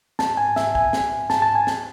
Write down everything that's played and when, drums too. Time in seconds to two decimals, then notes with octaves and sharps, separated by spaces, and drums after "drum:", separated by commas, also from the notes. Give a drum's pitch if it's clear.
0.19 A5, drum: snare
0.37 G#5
0.56 E5, drum: snare
0.75 G#5, drum: kick
0.93 drum: snare
1.30 A5, drum: snare
1.42 A5
1.55 G#5
1.67 drum: snare